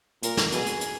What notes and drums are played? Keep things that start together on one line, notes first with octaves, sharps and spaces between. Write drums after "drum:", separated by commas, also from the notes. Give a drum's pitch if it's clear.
A#2 A#4, drum: hi-hat
drum: snare
B2 G#4, drum: hi-hat
drum: hi-hat
drum: hi-hat